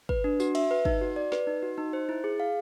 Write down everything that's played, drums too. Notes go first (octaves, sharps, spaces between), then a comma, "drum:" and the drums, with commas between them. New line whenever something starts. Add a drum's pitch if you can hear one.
B4, drum: kick
D4
F#4, drum: tambourine
E5, drum: cymbal
B4
D#4, drum: kick
F#4
D5
B4, drum: snare
D#4
F#4
D#4
C5
E4
G#4
F5